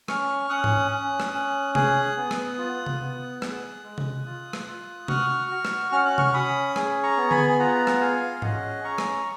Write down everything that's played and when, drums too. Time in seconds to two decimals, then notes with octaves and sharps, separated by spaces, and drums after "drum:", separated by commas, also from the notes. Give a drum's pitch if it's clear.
0.08 C#4 C#6 F6, drum: rim click
0.50 C#4 D#6 F#6
0.64 drum: tom G#2
0.91 C#4
1.20 drum: rim click
1.34 C#4
1.75 G#4 D#6 F#6, drum: tom C3
2.17 B3
2.31 drum: rim click
2.58 F4
2.86 drum: tom C3
3.01 B3
3.42 G#4, drum: rim click
3.84 G#3
3.98 drum: tom C3
4.26 F4
4.53 drum: rim click
4.68 F4
5.08 F#4 C#6 F6, drum: tom C3
5.51 F#4
5.65 drum: rim click
5.92 C#4 F6
6.05 F#6
6.18 C#6 F6, drum: tom C3
6.34 C#4 B5 D#6
6.76 G#4, drum: rim click
7.03 A#5 C#6
7.17 B3
7.31 G#5 B5, drum: tom D3
7.49 G#5
7.59 F4 F#5 A#5
7.87 drum: rim click
8.01 G#4 F5 G#5
8.36 F5
8.42 C#4 D#5 F#5, drum: tom G#2
8.84 C#4 A#5 C#6
8.98 drum: rim click